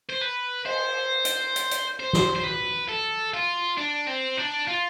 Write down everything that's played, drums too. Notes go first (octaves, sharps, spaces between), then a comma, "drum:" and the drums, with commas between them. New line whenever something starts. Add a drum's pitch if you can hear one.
C5
B4
C5, drum: cymbal
drum: hi-hat
drum: hi-hat
drum: hi-hat
C5
drum: snare F#4
C5
B4
A4
F4
D4
C4
D4
F4